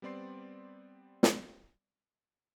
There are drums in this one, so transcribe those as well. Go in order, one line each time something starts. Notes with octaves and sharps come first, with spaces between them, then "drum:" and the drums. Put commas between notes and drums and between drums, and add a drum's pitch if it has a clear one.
G3 B3 C4 D5 C6 C7
drum: snare